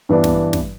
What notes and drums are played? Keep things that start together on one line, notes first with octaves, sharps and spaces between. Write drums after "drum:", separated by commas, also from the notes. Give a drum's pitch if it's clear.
G2 E3 B3 D4
drum: snare
drum: snare